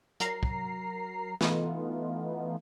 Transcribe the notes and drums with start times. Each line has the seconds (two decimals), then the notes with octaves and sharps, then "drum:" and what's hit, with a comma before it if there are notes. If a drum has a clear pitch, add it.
0.20 F#3 A#4 A#5 C7, drum: hi-hat
0.43 drum: kick
1.41 E3 A3 B3 D#4 F4, drum: snare